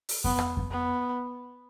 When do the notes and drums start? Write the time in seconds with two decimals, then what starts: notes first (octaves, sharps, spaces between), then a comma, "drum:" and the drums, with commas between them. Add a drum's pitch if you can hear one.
0.09 drum: open hi-hat
0.24 B3, drum: kick F2
0.39 drum: rim click
0.57 drum: kick F2
0.71 B3